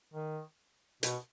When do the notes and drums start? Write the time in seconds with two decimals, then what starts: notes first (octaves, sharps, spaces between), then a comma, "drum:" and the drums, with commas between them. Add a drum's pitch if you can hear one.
0.14 D#3
1.03 B2, drum: hi-hat